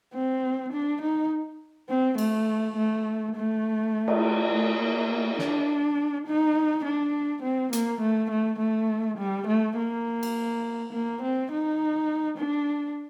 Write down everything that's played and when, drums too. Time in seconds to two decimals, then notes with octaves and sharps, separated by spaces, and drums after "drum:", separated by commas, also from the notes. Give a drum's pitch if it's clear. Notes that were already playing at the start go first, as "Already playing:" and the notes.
0.14 C4
0.73 D4
1.02 D#4
1.89 C4
2.18 A3, drum: cymbal
2.77 A3
3.36 A3
4.08 drum: cymbal
4.51 A3
4.81 A#3
5.39 D4, drum: snare
6.27 D#4
6.85 D4
7.43 C4
7.73 A#3, drum: hi-hat
8.01 A3
8.31 A3
8.59 A3
9.18 G3
9.47 A3
9.77 A#3
10.23 drum: cymbal
10.93 A#3
11.22 C4
11.51 D#4
12.38 D4